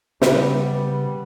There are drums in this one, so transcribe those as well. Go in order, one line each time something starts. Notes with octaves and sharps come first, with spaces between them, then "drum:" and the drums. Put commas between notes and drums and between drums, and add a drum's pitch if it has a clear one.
C#3 G3 B3, drum: snare